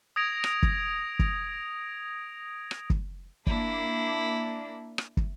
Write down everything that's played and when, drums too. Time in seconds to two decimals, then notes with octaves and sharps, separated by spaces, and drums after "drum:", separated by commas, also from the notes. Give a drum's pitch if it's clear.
0.16 D#6 G#6 A#6 D7 F7
0.44 drum: rim click
0.63 drum: kick
1.19 drum: kick
2.71 drum: rim click
2.90 drum: kick
3.47 A#3 D4 E4, drum: kick
4.98 drum: rim click
5.17 drum: kick